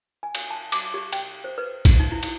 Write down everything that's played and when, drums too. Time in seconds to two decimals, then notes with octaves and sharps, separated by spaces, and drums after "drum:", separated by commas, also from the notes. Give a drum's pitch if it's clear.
0.23 G#5
0.35 drum: cymbal
0.51 A5
0.72 D6, drum: cymbal
0.94 G4
1.13 G5, drum: cymbal
1.44 C5
1.58 B4
1.85 drum: kick, cymbal
1.99 D#4
2.12 E4
2.23 drum: cymbal